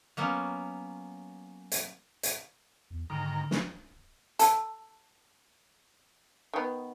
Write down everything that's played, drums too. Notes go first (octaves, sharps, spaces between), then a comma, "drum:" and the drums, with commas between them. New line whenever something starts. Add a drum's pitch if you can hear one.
F#3 A#3 B3 C#4
drum: hi-hat
drum: hi-hat
E2
G#2 D3 D#3 A#5 D#6 F6 D7
drum: snare
A4, drum: hi-hat
D#3 B3